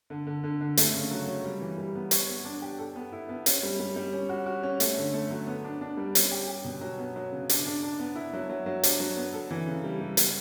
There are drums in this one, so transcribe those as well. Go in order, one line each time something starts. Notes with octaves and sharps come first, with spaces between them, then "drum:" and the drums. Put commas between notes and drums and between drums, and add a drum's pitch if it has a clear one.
D3
D3
D3
D3
A3, drum: hi-hat
C#3
F#3
F#3
G3
E3
G3
B3
C#5, drum: hi-hat
B3
D4
G4
A4
B3
E4
B3
C#4, drum: hi-hat
G3
G3
G3
C#4
F#4
F#4
C#4
A3, drum: hi-hat
D3
A3
F#3
B3
D4
D4
G3
C#4, drum: hi-hat
G4
G4
B2
F#3
B3
F#3
C#3
D4, drum: hi-hat
D4
D4
B3
E4
F#3
F#3
F#3
D4, drum: hi-hat
F#3
B3
A4
E3
C#3
G3
G3
B3, drum: hi-hat